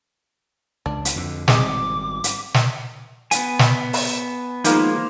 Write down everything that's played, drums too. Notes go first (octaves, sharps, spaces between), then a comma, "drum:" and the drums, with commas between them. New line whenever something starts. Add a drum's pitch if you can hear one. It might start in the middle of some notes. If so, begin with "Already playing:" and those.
C#2 D4
drum: hi-hat
F2 D3
G#1 G3 C4 G#4 D#5 D6, drum: snare
drum: hi-hat
drum: snare
B3 G#5, drum: hi-hat
drum: snare
drum: open hi-hat
D#3 F3 G#3 A#3 C5 F5, drum: hi-hat